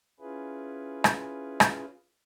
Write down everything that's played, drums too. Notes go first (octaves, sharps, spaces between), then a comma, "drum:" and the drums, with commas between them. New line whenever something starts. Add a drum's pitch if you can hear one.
C#4 E4 F4 G#4 B4
drum: rim click
drum: rim click